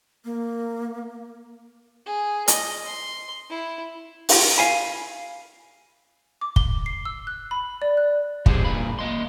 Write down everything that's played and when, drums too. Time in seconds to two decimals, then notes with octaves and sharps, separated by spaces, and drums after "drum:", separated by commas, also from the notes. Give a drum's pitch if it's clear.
0.25 A#3
2.06 G#4
2.48 D#5, drum: hi-hat
2.86 C6
3.50 E4
4.29 drum: open hi-hat
4.58 F5 G#5 B5
6.41 D6
6.56 G7, drum: kick
6.86 C7
7.05 E6
7.27 F#6
7.51 B5
7.82 D5
7.97 F#6
8.46 F3 G#3 C4 G4 G#4 C5, drum: kick
8.65 G2 A#2 B5
8.99 A#3 D#5 C6